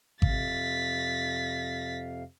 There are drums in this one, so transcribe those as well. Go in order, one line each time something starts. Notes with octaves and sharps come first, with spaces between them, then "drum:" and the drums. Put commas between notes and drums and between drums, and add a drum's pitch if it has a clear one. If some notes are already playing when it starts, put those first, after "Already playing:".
F2 C3 F5 A6 B6, drum: kick G#1